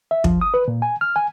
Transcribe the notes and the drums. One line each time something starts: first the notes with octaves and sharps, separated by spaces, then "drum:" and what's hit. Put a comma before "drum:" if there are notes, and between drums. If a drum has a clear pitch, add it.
E5
F3, drum: kick
D#6
B4
A#2
G#5
F6
G#5